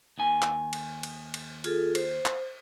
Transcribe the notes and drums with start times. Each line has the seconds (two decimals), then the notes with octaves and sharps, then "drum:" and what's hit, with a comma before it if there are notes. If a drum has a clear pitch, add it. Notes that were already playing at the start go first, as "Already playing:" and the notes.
0.18 D#2 D#3 G#5
0.42 drum: clap
0.73 drum: cymbal
1.03 drum: cymbal
1.34 drum: cymbal
1.64 F4 G#4 A4, drum: cymbal
1.95 C5, drum: cymbal
2.26 drum: clap